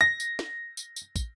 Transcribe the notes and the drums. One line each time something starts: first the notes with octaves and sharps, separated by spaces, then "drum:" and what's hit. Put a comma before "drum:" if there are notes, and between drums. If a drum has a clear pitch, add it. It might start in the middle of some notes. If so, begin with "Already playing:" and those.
A#6
drum: tambourine
drum: snare
drum: tambourine
drum: tambourine
drum: kick, tambourine